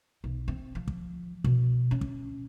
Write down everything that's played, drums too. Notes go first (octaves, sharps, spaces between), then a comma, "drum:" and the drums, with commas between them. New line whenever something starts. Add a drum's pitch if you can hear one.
B1
C4
F3
drum: kick
B2, drum: kick
C#4
drum: kick